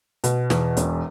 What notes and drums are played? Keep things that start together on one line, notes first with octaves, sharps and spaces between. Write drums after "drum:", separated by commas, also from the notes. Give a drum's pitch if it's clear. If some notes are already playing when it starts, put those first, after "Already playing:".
B2, drum: hi-hat
E2, drum: snare
E1, drum: hi-hat